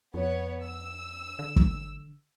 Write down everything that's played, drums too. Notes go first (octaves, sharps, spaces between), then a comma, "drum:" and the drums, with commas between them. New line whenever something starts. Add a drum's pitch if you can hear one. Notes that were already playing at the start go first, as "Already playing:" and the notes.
F2 B3 C#5
E6
D3
drum: kick